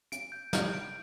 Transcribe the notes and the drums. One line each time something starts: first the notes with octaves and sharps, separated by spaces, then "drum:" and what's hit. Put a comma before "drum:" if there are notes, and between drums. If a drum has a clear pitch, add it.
D7, drum: hi-hat
G6
G6, drum: snare
D7